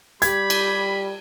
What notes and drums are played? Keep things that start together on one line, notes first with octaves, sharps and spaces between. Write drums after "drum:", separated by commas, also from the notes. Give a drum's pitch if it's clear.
G3 G4 B5 G#6, drum: hi-hat
drum: cymbal